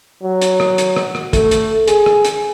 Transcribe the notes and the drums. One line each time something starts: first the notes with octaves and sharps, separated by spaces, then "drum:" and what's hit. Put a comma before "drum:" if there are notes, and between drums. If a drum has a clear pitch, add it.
F#3
drum: hi-hat
drum: rim click
drum: hi-hat
drum: rim click
drum: rim click
A3, drum: kick, hi-hat
drum: hi-hat
G#4, drum: hi-hat
drum: rim click
drum: hi-hat